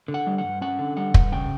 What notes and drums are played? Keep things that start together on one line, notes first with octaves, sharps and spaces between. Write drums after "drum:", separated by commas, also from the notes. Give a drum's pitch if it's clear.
D3
F#5
G3
F#5
G2
C#4 F#5
D3
G3 F#5
G2, drum: kick
C#3 G5